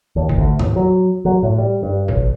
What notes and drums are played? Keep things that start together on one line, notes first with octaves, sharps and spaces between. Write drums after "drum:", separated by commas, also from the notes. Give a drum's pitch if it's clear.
D#2
drum: kick
D2
D#2, drum: tom
F#3
F#3
A2
G3
G2
B1, drum: kick